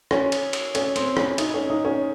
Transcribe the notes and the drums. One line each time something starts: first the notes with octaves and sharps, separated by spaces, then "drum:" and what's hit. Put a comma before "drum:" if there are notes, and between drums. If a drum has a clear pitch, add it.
C#4, drum: rim click
drum: cymbal
drum: cymbal
C#4, drum: cymbal
C4, drum: cymbal
C#4, drum: rim click
D#4, drum: cymbal
C#4
D#4
C#4